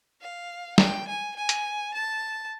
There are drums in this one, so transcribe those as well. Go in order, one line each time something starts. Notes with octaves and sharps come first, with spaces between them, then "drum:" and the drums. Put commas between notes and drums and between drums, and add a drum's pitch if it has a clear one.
F5
G5, drum: snare
G#5
G#5
drum: hi-hat
A5